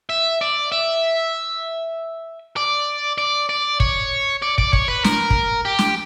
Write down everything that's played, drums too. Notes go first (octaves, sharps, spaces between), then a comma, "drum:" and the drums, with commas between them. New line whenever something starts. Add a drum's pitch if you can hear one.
E5
D5
E5
D5
D5
D5
C#5, drum: kick
D5
D5, drum: kick
C#5, drum: kick
B4
A#4, drum: snare
drum: kick
G4
drum: snare